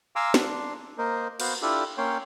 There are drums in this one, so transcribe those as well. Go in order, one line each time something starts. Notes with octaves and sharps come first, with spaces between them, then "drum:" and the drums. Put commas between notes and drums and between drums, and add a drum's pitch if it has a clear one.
F5 G#5 A#5 C6 D6 E6
D4 C6, drum: snare
A#3 A#4 C5 D#5
B3 F#4 C5 F5, drum: cymbal
D4 E4 F4 G4 A4
A#3 C#4 C#5 G5 C6